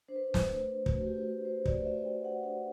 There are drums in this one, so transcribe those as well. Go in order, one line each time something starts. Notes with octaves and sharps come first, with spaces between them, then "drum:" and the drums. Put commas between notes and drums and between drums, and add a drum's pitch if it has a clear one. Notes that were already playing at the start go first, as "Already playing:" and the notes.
D4 C5
B4
C5
drum: snare
A3
A3 F#4, drum: kick
G4
A3 B4
C5
A3 D5, drum: kick
E5
A3 G5
F#5
D4 F#5